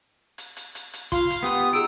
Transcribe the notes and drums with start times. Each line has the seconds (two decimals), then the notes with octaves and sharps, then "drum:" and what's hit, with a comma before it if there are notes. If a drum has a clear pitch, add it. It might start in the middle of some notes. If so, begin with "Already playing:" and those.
0.38 drum: hi-hat
0.56 drum: hi-hat
0.75 drum: hi-hat
0.93 drum: hi-hat
1.12 F4 F5 C6, drum: kick, hi-hat
1.30 drum: hi-hat
1.43 B3 G4 F#5 D#6
1.73 D#4 G#4 E6 D7